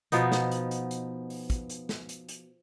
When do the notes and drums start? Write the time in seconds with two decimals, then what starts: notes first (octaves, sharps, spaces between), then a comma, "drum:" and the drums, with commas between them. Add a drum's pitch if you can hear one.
0.12 B2 F3 B3 D#4, drum: hi-hat
0.32 drum: snare
0.51 drum: hi-hat
0.71 drum: hi-hat
0.91 drum: hi-hat
1.30 drum: open hi-hat
1.50 drum: kick, hi-hat
1.69 drum: hi-hat
1.89 drum: snare
2.09 drum: hi-hat
2.29 drum: hi-hat